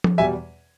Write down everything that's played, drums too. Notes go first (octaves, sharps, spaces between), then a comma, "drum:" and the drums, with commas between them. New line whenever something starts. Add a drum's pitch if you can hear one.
drum: tom F3
E2 B2 G3 E5 G#5